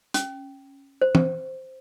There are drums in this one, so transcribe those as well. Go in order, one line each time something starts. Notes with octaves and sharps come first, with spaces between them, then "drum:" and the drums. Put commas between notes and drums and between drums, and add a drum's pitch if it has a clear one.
C#4, drum: hi-hat
C5
drum: tom